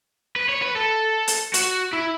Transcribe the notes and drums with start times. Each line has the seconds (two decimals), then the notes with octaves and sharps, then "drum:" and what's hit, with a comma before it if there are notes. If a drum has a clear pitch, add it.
0.36 B4
0.49 C#5
0.62 B4
0.75 A4
1.28 drum: hi-hat
1.54 F#4, drum: hi-hat
1.93 E4